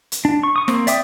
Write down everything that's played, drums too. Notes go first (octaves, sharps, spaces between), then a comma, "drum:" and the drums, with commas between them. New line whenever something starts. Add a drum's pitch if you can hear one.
drum: hi-hat
D4
C#6
C#6 D#6
A#3 C4, drum: snare
D5 E5 G5 D6 D#6, drum: hi-hat